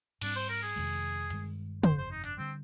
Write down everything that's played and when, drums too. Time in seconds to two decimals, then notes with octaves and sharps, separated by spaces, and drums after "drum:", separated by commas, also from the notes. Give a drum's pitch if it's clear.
0.21 G#2 G3 C4 D4, drum: cymbal
0.36 C5
0.49 A#4
0.63 G#4
0.76 F2 C3 D#3 G#3
1.30 G2 D#3 G#3, drum: hi-hat
1.83 G1 F2 C3 C5, drum: tom
1.98 C5
2.11 D#4
2.24 D4, drum: hi-hat
2.38 D3 G3 C4